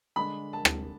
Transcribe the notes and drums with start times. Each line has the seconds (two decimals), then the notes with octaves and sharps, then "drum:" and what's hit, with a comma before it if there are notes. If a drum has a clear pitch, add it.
0.16 D3 G#3 D4 B5
0.53 A5
0.65 drum: rim click